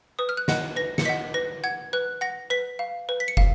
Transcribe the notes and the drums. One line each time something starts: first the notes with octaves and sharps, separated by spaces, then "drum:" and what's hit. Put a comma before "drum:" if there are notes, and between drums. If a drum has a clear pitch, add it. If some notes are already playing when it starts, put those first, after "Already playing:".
B4 D#6
F6
F#6
D#5 F#5, drum: snare
B4 A#6
C#7, drum: snare
D#5 F#5 B6
B4 A#6
F#5 G#6
B4 F#6
F#5 A#6
B4 B6
F5
B4
B6
C#7
F5, drum: kick